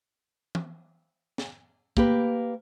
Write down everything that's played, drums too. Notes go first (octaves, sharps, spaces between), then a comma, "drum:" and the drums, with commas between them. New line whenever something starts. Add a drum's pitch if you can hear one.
drum: tom
drum: snare
A#3 G4 B4, drum: kick